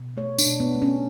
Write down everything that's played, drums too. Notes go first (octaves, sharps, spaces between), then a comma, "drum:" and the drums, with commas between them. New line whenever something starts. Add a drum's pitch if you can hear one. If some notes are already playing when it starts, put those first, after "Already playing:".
Already playing: B2
A3 C#5
D4, drum: tambourine
B2
B3
A3
C#4